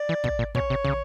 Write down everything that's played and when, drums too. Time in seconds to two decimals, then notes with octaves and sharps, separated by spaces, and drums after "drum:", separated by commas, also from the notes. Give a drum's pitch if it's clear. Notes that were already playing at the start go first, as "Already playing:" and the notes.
Already playing: D5
0.09 E3
0.24 B2, drum: kick
0.39 A#2
0.55 B2 C#5, drum: kick
0.70 C3
0.85 C#3, drum: tom